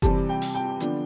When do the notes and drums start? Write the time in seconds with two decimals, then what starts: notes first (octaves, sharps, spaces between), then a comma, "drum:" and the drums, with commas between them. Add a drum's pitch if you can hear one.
0.02 C3 E3 G3 C4 A5, drum: kick F#1, hi-hat
0.29 G5
0.42 drum: open hi-hat
0.55 G5
0.80 D3 F3 B3 D4, drum: hi-hat